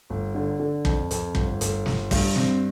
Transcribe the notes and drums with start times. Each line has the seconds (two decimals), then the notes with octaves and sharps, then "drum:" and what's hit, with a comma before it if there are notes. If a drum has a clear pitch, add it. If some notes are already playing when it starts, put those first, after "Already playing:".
0.10 G1
0.35 D3
0.59 D3
0.85 F2, drum: kick
1.11 F2, drum: hi-hat
1.35 G1, drum: kick
1.61 G1, drum: hi-hat
1.86 G1, drum: snare
2.11 G2, drum: kick, open hi-hat
2.36 C4, drum: snare